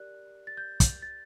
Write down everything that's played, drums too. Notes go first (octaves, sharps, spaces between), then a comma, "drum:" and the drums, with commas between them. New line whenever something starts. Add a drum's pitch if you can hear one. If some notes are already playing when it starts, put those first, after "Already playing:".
Already playing: G4 A#4 D5 F#6
A6
G6
drum: kick, hi-hat
A6